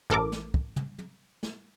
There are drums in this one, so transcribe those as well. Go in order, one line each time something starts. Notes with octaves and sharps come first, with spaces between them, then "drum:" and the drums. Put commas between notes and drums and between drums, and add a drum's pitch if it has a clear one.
A1 A4 A#4 D6, drum: tom
drum: snare
drum: kick
drum: tom
drum: tom
drum: snare